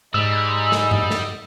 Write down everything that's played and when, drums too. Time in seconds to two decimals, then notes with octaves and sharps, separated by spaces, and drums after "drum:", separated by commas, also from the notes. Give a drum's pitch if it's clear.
0.14 G#2 G3 D#5 E6
0.72 drum: snare
0.91 drum: tom G2
1.10 drum: snare